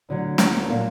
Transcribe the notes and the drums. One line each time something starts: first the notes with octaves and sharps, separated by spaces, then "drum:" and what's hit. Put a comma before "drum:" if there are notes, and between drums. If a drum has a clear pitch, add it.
D2 D3 F#3
D2 D3 F#3 C#4, drum: snare
B3
A#2 F#3 A#3